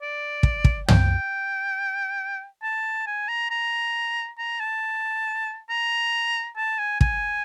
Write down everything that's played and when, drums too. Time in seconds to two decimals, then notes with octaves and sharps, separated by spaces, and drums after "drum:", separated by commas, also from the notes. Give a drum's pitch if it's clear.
0.02 D5
0.43 drum: kick
0.64 drum: kick
0.88 G5, drum: tom
2.63 A5
3.07 G#5
3.28 A#5
3.50 A#5
4.38 A#5
4.60 A5
5.70 A#5
6.57 A5
6.78 G#5
7.01 G#5, drum: kick